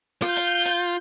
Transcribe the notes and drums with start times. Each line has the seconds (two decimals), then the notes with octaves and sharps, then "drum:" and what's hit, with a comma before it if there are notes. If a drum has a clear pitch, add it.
0.22 F4 G6, drum: rim click
0.37 drum: hi-hat
0.66 drum: hi-hat